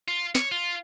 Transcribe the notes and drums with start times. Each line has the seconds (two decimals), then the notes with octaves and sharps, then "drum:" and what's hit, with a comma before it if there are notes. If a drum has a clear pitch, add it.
0.08 F4
0.35 C#5, drum: snare
0.52 F4